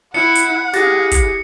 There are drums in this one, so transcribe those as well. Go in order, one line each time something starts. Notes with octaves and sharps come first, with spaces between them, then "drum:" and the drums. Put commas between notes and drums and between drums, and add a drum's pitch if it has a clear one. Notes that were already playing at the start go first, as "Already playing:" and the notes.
E4 F#5 C#7
drum: hi-hat
E4 G4 G#4 A6 A#6, drum: snare
drum: kick, hi-hat